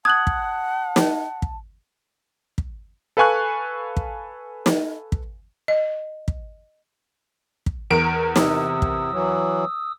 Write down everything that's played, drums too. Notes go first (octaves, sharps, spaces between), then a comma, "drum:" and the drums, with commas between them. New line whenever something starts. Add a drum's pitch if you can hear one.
F#5 A5 D#6 F#6 G#6 F#7
drum: kick
drum: snare
drum: kick
drum: kick
A4 B4 F5 G#5 C#6 F#6
drum: kick
drum: snare
drum: kick
D#5
drum: kick
drum: kick
E2 A#4 D7
C3 D#6 E6, drum: snare
drum: kick
E3 F#3